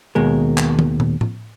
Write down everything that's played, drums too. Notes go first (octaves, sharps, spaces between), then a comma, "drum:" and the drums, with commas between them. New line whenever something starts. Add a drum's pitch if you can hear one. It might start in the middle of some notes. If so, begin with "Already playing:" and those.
D#2 B2 G#3 A#4
drum: clap
drum: tom
drum: tom
drum: tom A2